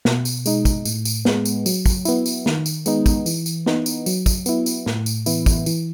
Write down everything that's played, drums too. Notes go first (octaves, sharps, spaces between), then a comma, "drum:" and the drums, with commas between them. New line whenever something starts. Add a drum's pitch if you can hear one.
B2, drum: snare
drum: tambourine
G#3 D#4, drum: tambourine
drum: kick, tambourine
A2, drum: tambourine
drum: tambourine
G#3 B3, drum: snare
drum: tambourine
F#3, drum: tambourine
drum: kick, tambourine
B3 E4, drum: tambourine
drum: tambourine
D#3, drum: snare
drum: tambourine
G#3 B3 D#4, drum: tambourine
drum: kick, tambourine
E3, drum: tambourine
drum: tambourine
B3 D#4, drum: snare
drum: tambourine
F#3, drum: tambourine
drum: kick, tambourine
B3 E4, drum: tambourine
drum: tambourine
A2, drum: snare
drum: tambourine
E3 B3 E4, drum: tambourine
drum: kick, tambourine
E3, drum: tambourine